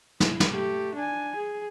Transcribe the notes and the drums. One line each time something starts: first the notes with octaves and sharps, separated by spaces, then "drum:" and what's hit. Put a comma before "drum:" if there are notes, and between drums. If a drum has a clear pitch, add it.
E4, drum: snare
drum: snare
A3 G4
D4 G#5
G#4